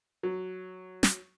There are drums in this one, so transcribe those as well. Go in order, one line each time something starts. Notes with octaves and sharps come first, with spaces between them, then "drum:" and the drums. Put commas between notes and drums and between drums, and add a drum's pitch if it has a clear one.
F#3
drum: snare